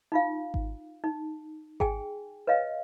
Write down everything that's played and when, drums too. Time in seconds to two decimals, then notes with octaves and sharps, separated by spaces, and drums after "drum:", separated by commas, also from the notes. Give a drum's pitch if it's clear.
0.12 D#4 F4 F5
0.54 drum: kick G#1
1.04 D#4
1.80 G#4 G5 G#5, drum: kick G#1
2.47 B4 C#5 D#5 F5